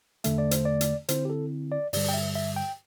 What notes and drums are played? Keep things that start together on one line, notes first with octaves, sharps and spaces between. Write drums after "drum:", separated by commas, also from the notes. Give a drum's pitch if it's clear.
E2 D3 A3 E5, drum: hi-hat
D5
C5, drum: hi-hat
D5
drum: hi-hat
D3 C4 E4 C5, drum: hi-hat
G4
A4
D5
G2 D3 G3 D5, drum: open hi-hat
G5
E5
E5
G5